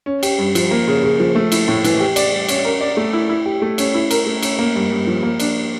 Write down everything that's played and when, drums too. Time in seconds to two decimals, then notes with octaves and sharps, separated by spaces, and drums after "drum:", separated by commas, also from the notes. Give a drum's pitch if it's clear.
0.06 C#4
0.23 G4, drum: cymbal
0.38 G2
0.55 F3, drum: cymbal
0.71 A#3
0.88 C#3
1.03 C#3
1.20 F3
1.35 A3
1.52 E4, drum: cymbal
1.68 A2
1.84 E3, drum: cymbal
2.00 G4
2.16 D5, drum: cymbal
2.32 G3
2.48 C#4, drum: cymbal
2.65 A#4
2.81 D5
2.97 A3
3.13 E4
3.29 E4
3.46 G4
3.62 A3
3.78 C#4, drum: cymbal
3.94 E4
4.11 A#4, drum: cymbal
4.26 A3
4.42 C#4, drum: cymbal
4.59 A#3
4.75 G2
4.91 G2
5.07 F3
5.23 A#3
5.40 D4, drum: cymbal